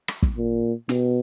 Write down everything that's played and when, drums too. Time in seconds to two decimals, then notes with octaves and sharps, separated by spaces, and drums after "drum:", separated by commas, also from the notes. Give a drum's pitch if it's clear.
0.08 drum: rim click
0.22 drum: kick
0.37 A#2
0.89 B2, drum: snare